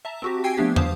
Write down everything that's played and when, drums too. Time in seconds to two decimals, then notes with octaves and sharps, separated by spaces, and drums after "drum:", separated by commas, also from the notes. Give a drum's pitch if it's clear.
0.05 E5 A5 A#5
0.22 C4 F#4 G4
0.44 G5 G#5 E6 G#6 C7 D7
0.57 F3 A3 B3 D4 G4
0.76 B3 C5 F5 A5 D#6, drum: tom